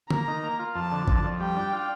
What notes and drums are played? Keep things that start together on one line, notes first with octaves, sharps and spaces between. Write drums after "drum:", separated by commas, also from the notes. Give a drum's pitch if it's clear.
A#3 A#5, drum: tom
D#3
A#3
F4
F2 A5
D3
F2, drum: kick A1
F2
G3 G5
D4
F4